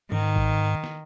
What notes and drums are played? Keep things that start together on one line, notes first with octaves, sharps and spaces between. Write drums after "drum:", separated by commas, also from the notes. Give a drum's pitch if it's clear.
G#2 D#3
drum: kick G1
drum: snare